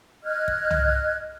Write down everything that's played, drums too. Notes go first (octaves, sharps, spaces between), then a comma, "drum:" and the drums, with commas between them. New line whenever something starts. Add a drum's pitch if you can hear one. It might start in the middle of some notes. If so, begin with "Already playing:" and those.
D#5 F6 F#6 G#6
drum: kick
drum: tom